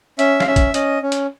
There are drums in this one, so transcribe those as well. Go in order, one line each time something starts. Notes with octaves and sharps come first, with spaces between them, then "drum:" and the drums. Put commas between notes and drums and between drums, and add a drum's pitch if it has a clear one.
C#4 E5, drum: hi-hat
F5, drum: snare
C#4 E5
drum: kick, hi-hat
C#4 D#5, drum: hi-hat
C#4
drum: hi-hat